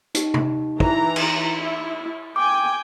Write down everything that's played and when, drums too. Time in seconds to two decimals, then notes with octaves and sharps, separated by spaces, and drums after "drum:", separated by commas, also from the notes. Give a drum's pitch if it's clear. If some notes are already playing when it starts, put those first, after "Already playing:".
0.15 D#4 G4, drum: hi-hat
0.34 drum: tom C3
0.80 E3 A#5, drum: kick
1.16 drum: cymbal
1.57 E4
2.36 G5 G#5 D6